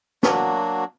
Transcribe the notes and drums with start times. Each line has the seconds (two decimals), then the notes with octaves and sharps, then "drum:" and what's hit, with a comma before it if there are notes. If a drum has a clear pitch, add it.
0.23 F#3 A#3 D4 F#4, drum: snare